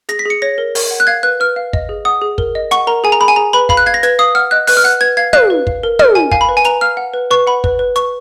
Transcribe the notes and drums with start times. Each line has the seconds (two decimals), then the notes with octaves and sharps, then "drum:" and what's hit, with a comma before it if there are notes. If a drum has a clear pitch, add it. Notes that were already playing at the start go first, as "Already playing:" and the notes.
0.09 G#4 A#6, drum: hi-hat
0.19 B6
0.26 G#4 C#7
0.42 C#5 A#6
0.58 A#4
0.75 A#4, drum: open hi-hat
0.91 F#5
1.00 F#6
1.07 F5 G#6
1.23 B4 F#6
1.40 B4 F6
1.56 F5
1.73 D#5, drum: kick
1.89 G#4
2.05 F#5 D#6
2.22 G#4
2.38 A#4, drum: kick
2.55 D#5
2.71 F#5 C#6, drum: hi-hat
2.87 A#4 A#5
3.04 G#4 G#5
3.12 A#5
3.20 G#4 B5
3.28 G#5
3.36 G#4 A#5
3.53 B4 B5
3.69 F5 B5, drum: kick
3.77 F#6
3.86 F5 G#6
3.94 A#6
4.03 B4 G#6, drum: hi-hat
4.19 F5 D#6
4.35 F#5 F6
4.51 D#5 F#6
4.67 B4 F#6, drum: open hi-hat
4.77 F6
4.84 F#5 F#6
5.00 B4 G#6
5.17 F5 G#6
5.33 F5 F#6, drum: tom
5.50 B4
5.67 F5, drum: kick
5.83 A#4
5.99 A#4 F6, drum: tom
6.15 A#4 G#5
6.31 F5 G#5, drum: kick
6.41 B5
6.49 B4
6.57 G#5
6.64 B4 A#5, drum: hi-hat
6.81 F5 F6
6.97 F#5
7.14 B4
7.31 B4 C#6
7.47 F#5 B5
7.64 B4, drum: kick
7.79 B4
7.96 B4 C#6, drum: hi-hat